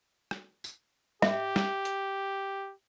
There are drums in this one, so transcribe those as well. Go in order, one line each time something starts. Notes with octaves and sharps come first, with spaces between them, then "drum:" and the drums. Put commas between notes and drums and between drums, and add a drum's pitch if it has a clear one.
drum: rim click
drum: tambourine
G4 E5, drum: snare
drum: snare
drum: hi-hat